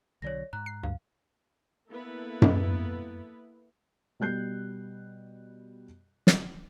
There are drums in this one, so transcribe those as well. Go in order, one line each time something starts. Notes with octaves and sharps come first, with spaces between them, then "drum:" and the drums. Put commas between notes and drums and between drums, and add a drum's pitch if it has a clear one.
B1 D3 F#3 C#5 D5 A#6
G#2 A#5 F#6
C7
D2 G2 F5
A#3 B3 E4 A4 B4
drum: tom F#2
B2 G3 F#6 G6 C7
drum: snare